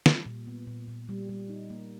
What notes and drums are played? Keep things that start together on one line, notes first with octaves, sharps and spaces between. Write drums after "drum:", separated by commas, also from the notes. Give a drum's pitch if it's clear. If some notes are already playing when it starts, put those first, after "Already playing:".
G3, drum: snare
A#2
B3
A#2
A#2
G3
G3
D#4
A#3